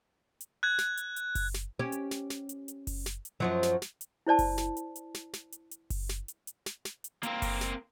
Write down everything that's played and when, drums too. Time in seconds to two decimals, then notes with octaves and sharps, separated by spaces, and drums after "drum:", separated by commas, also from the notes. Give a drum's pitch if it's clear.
0.41 drum: hi-hat
0.63 F#6 G#6
0.78 drum: snare
0.97 drum: hi-hat
1.16 drum: hi-hat
1.35 drum: kick F#1, open hi-hat
1.54 drum: snare
1.79 C#4 G4
1.92 drum: hi-hat
2.11 drum: snare
2.30 drum: snare
2.49 drum: hi-hat
2.68 drum: hi-hat
2.87 drum: kick F#1, open hi-hat
3.06 drum: snare
3.25 drum: hi-hat
3.40 F#2 F3 F#3
3.63 drum: snare
3.82 drum: snare
4.01 drum: hi-hat
4.27 E4 C5 D5 A5
4.39 drum: kick F#1, open hi-hat
4.58 drum: snare
4.77 drum: hi-hat
4.96 drum: hi-hat
5.14 drum: snare
5.33 drum: snare
5.52 drum: hi-hat
5.71 drum: hi-hat
5.90 drum: kick F#1, open hi-hat
6.09 drum: snare
6.28 drum: hi-hat
6.47 drum: hi-hat
6.66 drum: snare
6.85 drum: snare
7.04 drum: hi-hat
7.23 A#3 C4, drum: hi-hat
7.42 drum: kick F#1, open hi-hat
7.61 drum: snare